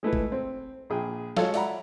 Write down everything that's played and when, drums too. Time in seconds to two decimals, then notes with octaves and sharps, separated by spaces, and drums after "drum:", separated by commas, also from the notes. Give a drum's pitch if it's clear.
0.03 G#3 A3 E4 B4
0.13 drum: kick
0.32 C4
0.90 A#1 G#4 G5
1.37 F#3 G#3 F4 A4 C#5 F5, drum: snare
1.54 D5 E5 F#5 A#5 B5, drum: open hi-hat